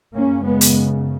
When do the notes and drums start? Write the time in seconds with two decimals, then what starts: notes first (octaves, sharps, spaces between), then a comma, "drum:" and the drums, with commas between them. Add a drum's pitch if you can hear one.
0.15 F#2 C#3 A#3 C#4
0.44 G#3 B3
0.61 drum: hi-hat